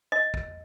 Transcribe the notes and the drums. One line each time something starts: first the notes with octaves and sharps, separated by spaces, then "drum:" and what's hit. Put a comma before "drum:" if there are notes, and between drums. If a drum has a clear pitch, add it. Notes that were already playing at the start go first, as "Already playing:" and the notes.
D#5
drum: kick